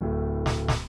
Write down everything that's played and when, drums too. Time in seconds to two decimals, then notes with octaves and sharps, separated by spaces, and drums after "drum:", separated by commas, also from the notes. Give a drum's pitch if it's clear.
0.01 D1 A2 A3
0.46 drum: snare
0.68 drum: snare